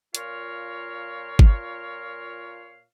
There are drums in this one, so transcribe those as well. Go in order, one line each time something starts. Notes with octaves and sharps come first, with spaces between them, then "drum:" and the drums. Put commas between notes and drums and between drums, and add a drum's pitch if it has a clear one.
A#2 F4 A#4 C#5 F5, drum: hi-hat
drum: kick G1